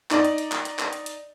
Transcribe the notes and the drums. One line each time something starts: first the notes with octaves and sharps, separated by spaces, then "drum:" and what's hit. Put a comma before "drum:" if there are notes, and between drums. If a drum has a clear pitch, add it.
D#4 D5, drum: clap
drum: hi-hat
drum: hi-hat
drum: clap
drum: hi-hat
drum: clap
drum: hi-hat
drum: hi-hat